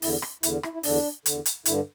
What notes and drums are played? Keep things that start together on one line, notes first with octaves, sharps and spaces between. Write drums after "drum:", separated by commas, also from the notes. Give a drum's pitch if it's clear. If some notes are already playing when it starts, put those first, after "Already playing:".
E2 D3 E4, drum: open hi-hat
drum: rim click
E2 D3 E4, drum: hi-hat
E4, drum: rim click
E4
E2 D3 D4, drum: open hi-hat
E2 D3, drum: hi-hat
drum: hi-hat
G2 D3 E4, drum: hi-hat